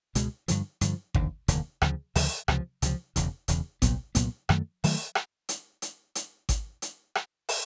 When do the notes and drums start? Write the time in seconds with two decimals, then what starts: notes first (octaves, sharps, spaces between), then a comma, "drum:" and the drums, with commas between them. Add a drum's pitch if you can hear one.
0.15 C#2 B2 G#3, drum: hi-hat
0.48 G2 D3 F3, drum: hi-hat
0.81 G2 D3 F3, drum: hi-hat
1.14 F1 D#2 D3, drum: kick G#1
1.48 F1 D#2 D3, drum: hi-hat
1.82 D2 C#3 F3, drum: rim click
2.16 D2 C#3 F3, drum: open hi-hat
2.48 C#2 C3 F3, drum: rim click
2.82 C#2 C3 F3, drum: hi-hat
3.16 E1 E2 C#3, drum: hi-hat
3.48 E1 E2 C#3, drum: hi-hat
3.82 C2 A#2 F#3 B3, drum: kick G#1, hi-hat
4.15 C2 A#2 F#3 B3, drum: hi-hat
4.49 F#2 D#3 F#3 A3, drum: rim click
4.84 D#3 F#3 A3, drum: open hi-hat
5.15 drum: rim click
5.49 drum: hi-hat
5.82 drum: hi-hat
6.15 drum: hi-hat
6.49 drum: kick G#1, hi-hat
6.82 drum: hi-hat
7.15 drum: rim click
7.49 drum: open hi-hat